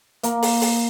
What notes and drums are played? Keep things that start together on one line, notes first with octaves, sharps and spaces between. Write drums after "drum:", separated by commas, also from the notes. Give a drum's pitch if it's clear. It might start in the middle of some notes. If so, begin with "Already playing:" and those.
A#3, drum: hi-hat
drum: open hi-hat
drum: open hi-hat